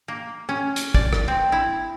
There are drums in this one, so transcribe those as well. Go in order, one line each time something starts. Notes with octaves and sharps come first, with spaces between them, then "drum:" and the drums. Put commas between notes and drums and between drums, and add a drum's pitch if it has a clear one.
A#3
C#4
drum: hi-hat
D5, drum: kick
drum: rim click
C4
E4